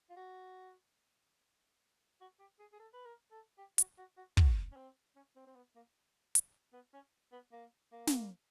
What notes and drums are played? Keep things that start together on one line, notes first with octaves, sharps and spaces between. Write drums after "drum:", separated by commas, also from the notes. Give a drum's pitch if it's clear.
F4
F#4
F#4
G4
G#4
G#4
A4
B4
A#4
A4
G4
F#4, drum: hi-hat
F#4
F#4
F#4, drum: kick
C#4
C4
C#4
C4
C4
B3
A#3
drum: hi-hat
B3
C#4
B3
A#3
A#3
drum: snare